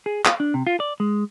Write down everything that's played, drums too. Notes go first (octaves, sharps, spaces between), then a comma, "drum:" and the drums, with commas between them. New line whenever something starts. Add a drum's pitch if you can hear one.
G#4
F5, drum: clap
D4
C3
F4
D5
G#3